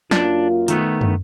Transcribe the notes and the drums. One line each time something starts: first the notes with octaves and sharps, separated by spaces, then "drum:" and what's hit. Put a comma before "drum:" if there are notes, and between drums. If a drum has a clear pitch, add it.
F#2 A#3 D4 F4, drum: snare
D#3 A3 B3, drum: hi-hat
drum: tom